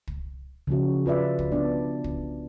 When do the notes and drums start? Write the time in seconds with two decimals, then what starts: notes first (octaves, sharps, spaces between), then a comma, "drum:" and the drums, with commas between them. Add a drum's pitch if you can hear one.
0.07 drum: kick
0.67 C#3 F3 C#4 F#4
1.06 F4 B4 D5 E5
1.39 drum: kick
1.52 B3 D4 D5
2.04 drum: kick